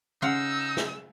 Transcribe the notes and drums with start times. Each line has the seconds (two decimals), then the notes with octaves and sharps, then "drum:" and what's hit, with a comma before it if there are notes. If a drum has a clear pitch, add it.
0.22 C#3 D#4 F5 F#5 C6 E6
0.77 drum: snare